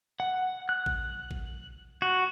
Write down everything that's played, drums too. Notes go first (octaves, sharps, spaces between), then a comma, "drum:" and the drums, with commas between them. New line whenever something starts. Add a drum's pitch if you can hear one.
F#5
F#6
drum: kick A1
drum: kick A1
F#4